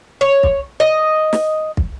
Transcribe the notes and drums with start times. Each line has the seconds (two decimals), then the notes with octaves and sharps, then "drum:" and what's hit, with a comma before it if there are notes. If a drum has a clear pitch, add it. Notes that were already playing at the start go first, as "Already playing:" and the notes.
0.21 C#5
0.43 drum: kick
0.80 D#5
1.33 drum: snare
1.77 drum: kick